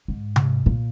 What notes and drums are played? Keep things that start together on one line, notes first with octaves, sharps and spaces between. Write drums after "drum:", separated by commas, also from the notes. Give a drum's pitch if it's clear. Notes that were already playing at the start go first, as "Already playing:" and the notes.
G#2
drum: tom C3
A#2